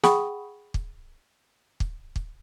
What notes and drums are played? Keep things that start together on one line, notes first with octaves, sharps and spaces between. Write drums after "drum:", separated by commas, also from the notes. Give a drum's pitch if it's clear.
G#4 F#5 G5 B5 C#6 D#6, drum: snare
drum: kick
drum: kick
drum: kick